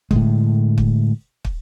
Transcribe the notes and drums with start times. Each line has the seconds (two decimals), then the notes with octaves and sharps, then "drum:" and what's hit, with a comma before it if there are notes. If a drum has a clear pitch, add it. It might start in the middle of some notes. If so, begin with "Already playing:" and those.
0.11 A2 D3 G#3, drum: kick
0.78 drum: kick
1.45 drum: kick